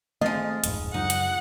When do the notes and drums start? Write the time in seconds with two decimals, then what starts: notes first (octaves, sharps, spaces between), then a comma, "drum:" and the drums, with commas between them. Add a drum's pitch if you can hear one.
0.21 F3 G#3 A3 C4 D#5
0.64 D1 F2 G#2, drum: hi-hat
0.94 C#2 F#2 F3 D#4 F#5
1.10 drum: hi-hat